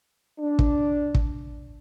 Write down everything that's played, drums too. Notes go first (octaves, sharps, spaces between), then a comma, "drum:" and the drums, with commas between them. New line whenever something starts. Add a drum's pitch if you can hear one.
D4
drum: kick
drum: kick